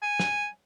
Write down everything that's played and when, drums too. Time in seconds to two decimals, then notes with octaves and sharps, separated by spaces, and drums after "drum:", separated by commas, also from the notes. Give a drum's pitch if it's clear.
0.03 G#5
0.20 drum: snare